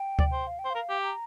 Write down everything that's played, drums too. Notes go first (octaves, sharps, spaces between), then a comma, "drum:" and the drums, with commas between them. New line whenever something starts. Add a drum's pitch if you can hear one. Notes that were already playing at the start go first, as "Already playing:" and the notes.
Already playing: G5
D5, drum: kick D2
C5
F5
G5
C5
A#4 F5
G4
A#5